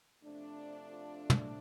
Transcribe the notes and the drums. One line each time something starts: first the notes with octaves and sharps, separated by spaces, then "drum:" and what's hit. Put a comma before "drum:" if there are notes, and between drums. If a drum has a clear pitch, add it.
C3 F3 A3 D4
F4 A4
drum: tom